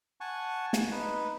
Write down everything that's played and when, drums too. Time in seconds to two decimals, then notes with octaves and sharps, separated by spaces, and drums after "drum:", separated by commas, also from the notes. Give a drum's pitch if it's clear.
0.21 F#5 G#5 A5 C#6
0.73 drum: snare
0.92 D#4 B4